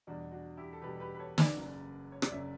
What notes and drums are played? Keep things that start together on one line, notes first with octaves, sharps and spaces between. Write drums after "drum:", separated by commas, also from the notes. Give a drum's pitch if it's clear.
E2 B2 G3 D4 F#4
D4 F#4
E4 G4
A4
E2 B2 G3 G4 B4
G4 B4
B4
A4 C#5
B4 D5, drum: snare
F#1 F#2 C#3 F#3
C#5
D5, drum: rim click
F#1 F#2 C#3 F#3 C#5 E5